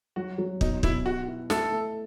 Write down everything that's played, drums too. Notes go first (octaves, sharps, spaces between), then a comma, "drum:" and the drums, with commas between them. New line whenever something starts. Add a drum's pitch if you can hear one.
F#3 F#4
F#3
B2 D#4, drum: kick
B2 E4, drum: kick
F#4 G4
E4
A3 A4, drum: snare
A3